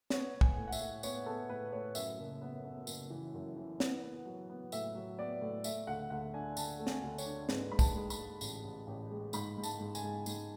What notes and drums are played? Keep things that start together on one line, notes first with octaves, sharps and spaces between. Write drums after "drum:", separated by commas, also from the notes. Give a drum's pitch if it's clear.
B3 C#5, drum: snare
B3
G#5, drum: kick
A2
F#5
E5, drum: tambourine
A2
B3 C#5, drum: tambourine
B3 A4
A2 B4
A2 C#5
F#2 E5, drum: tambourine
F#1
B3
B3
F#1, drum: tambourine
E3
F#2
E3
B3, drum: snare
B3
F#3
B3
A2 E5, drum: tambourine
F#3
B3 D5
A2
A3 E5, drum: tambourine
D2 F#5
D2 F#5
D4 G#5
D2 A5, drum: tambourine
A3
G#5, drum: snare
D2
C#5, drum: tambourine
D4
G#2 B4, drum: snare
G#2 B5
A5, drum: kick, tambourine
G#3
B5, drum: tambourine
G#3
A1, drum: tambourine
A1
A1
G#3
G#2 B5, drum: tambourine
G#2
A5, drum: tambourine
G#2
G#5, drum: tambourine
G#2
G#2, drum: tambourine